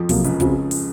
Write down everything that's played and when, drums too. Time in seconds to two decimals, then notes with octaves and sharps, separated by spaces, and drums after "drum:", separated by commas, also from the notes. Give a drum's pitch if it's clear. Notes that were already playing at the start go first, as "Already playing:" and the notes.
Already playing: F2 F3
0.09 C3 F#3 A#3 F4, drum: kick, open hi-hat
0.24 C#2 C#3, drum: hi-hat
0.40 C#3 F3 C4 F#4, drum: kick, hi-hat
0.71 drum: open hi-hat